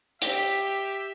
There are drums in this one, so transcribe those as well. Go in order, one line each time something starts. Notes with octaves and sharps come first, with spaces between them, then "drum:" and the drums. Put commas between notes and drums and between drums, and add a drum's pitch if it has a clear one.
G4 E5, drum: hi-hat